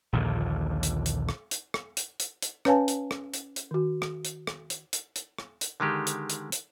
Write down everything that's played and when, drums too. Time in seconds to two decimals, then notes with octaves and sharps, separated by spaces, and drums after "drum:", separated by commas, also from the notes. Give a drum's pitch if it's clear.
0.13 A#1 D#2 A#2 D3
0.83 drum: hi-hat
1.06 drum: hi-hat
1.29 drum: rim click
1.51 drum: hi-hat
1.74 drum: rim click
1.97 drum: hi-hat
2.20 drum: hi-hat
2.42 drum: hi-hat
2.65 C#4 B4 C#5 F5 G#5 A5, drum: rim click
2.88 drum: hi-hat
3.11 drum: rim click
3.34 drum: hi-hat
3.56 drum: hi-hat
3.71 D#3 F#4
4.02 drum: rim click
4.25 drum: hi-hat
4.47 drum: rim click
4.70 drum: hi-hat
4.93 drum: hi-hat
5.16 drum: hi-hat
5.38 drum: rim click
5.61 drum: hi-hat
5.80 D3 D#3 G#3 G4
6.07 drum: hi-hat
6.30 drum: hi-hat
6.52 drum: hi-hat